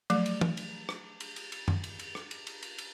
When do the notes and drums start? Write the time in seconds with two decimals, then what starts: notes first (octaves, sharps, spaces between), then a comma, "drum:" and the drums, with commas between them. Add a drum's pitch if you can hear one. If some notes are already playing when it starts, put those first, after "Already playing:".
0.10 F3 F#3 A3, drum: cymbal
0.26 drum: cymbal
0.41 drum: tom
0.57 drum: cymbal
0.89 drum: rim click
1.20 drum: cymbal
1.36 drum: cymbal
1.52 drum: cymbal
1.68 drum: tom F#2
1.84 drum: cymbal
1.99 drum: cymbal
2.15 drum: rim click
2.31 drum: cymbal
2.47 drum: cymbal
2.62 drum: cymbal
2.78 drum: cymbal